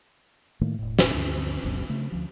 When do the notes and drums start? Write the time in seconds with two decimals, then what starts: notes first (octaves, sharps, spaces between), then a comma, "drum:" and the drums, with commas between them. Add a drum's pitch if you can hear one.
0.61 A2 D#3 A3 A#3
0.79 E1 A2
0.99 drum: snare
1.14 D2 G2 D3
1.63 F#1 C#2 F#2 B2
1.89 C#3 A3
2.12 D2 F3